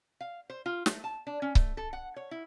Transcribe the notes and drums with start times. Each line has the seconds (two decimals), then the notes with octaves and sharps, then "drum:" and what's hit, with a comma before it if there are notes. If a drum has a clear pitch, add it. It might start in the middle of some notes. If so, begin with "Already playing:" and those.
0.21 F5
0.50 C5
0.66 F4
0.86 A3, drum: snare
1.04 A5
1.27 D4
1.42 C#4
1.55 A3, drum: kick C#1
1.77 A4
1.93 F#5
2.16 C#5
2.31 E4